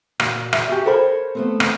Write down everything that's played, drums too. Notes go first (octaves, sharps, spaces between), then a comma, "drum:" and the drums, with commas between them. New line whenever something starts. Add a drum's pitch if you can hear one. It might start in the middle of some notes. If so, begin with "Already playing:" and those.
A#2 F#4, drum: rim click
E5, drum: rim click
F#4 G4
A4 A#4 C5 C#5 B5
A3 B3 C4
drum: rim click